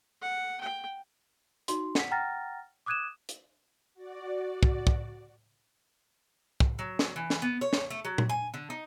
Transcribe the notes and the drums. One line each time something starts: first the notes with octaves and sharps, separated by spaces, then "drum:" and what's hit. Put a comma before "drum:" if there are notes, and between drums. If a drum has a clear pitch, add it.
F#5
G5
D#4 F#4 C6, drum: hi-hat
F#5 B6, drum: snare
F#5 G5 A#5 F6 A6 A#6
D6 D#6 F#6 G#6 D#7 E7
drum: hi-hat
F#4 D5
drum: kick
drum: kick
drum: kick
F#3
drum: snare
E3
drum: snare
B3
C#5
drum: snare
A3
F#3
drum: tom A#2
G#5
D3
D#4